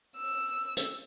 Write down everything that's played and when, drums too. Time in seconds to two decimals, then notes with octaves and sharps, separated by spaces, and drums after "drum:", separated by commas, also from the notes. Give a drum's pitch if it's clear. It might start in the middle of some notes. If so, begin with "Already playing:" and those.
0.17 E6
0.77 drum: hi-hat